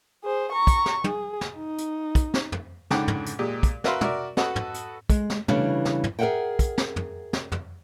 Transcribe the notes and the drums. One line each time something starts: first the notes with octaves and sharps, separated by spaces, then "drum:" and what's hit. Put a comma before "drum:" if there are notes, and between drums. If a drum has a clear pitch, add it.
G#4 C5
A#5 C#6
drum: kick, hi-hat
drum: snare
G#4, drum: tom
drum: snare
D#4
drum: hi-hat
drum: kick, hi-hat
drum: snare
drum: tom
C#2 G#2 D3 F#5 G5 D6, drum: snare
drum: tom
drum: hi-hat
A#2 G#3 G4
drum: kick, hi-hat
F#4 A#4 B4 E5 F5 C6, drum: snare
F#4 A#4 D5 E5, drum: tom
F#4 A4 B4 D#5 F#5, drum: snare
drum: tom
drum: hi-hat
G#3, drum: kick, hi-hat
drum: snare
C#3 E3 G3 A3 D4, drum: tom
drum: snare
drum: tom
G#4 A#4 C5 E5 F#5 G5
drum: kick, hi-hat
drum: snare
drum: tom
drum: snare
drum: tom